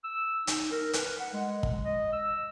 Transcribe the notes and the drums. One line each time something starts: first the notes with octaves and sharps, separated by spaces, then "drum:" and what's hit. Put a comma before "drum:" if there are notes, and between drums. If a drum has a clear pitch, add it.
E6
D#4, drum: hi-hat
A#4
B4, drum: hi-hat
F#5
G#3
drum: kick
D#5
E6